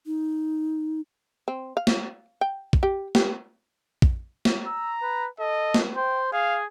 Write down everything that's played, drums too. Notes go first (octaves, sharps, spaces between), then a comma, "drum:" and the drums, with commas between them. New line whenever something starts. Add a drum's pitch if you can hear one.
D#4
C4
F5
drum: snare
G5
drum: kick
G4
G4, drum: snare
drum: kick
drum: snare
A#5 E6
B4
A4 D#5
drum: snare
C5 G5
G#4 F5